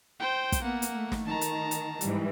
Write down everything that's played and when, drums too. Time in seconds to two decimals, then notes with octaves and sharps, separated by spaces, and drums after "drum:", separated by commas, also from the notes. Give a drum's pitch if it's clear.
0.19 C5 G5
0.52 drum: kick, hi-hat
0.63 A#3 B3 F#5
0.82 drum: hi-hat
0.92 A3
1.12 drum: snare
1.25 D#3 A5 A#5
1.41 drum: hi-hat
1.71 drum: hi-hat
2.01 G#2 E3 G3, drum: hi-hat